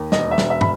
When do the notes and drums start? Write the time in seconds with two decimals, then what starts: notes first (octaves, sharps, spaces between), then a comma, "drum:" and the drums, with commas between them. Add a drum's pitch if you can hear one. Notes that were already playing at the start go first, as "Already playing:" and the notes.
Already playing: D#2
0.12 E1 D#5, drum: snare
0.31 E5
0.38 E1, drum: snare
0.50 E5
0.61 B5, drum: tom